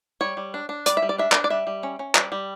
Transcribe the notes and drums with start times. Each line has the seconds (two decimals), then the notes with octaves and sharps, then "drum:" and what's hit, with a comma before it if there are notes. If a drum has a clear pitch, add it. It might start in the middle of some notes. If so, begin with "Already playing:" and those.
0.21 G3 C#5
0.37 G3
0.54 D4
0.69 D4
0.86 G3 D5, drum: hi-hat
0.97 E5
1.02 G3
1.09 D5
1.18 D4 E5
1.32 D4 D5, drum: clap
1.44 D5
1.50 G3 E5
1.67 G3
1.83 C#4
1.99 C#4
2.15 G3, drum: clap
2.32 G3